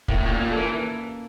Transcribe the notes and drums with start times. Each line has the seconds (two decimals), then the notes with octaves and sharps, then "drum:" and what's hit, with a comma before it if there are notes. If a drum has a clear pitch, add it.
0.08 A2 A#3, drum: kick
0.25 A#2 A#3
0.41 A#2
0.52 E3 A4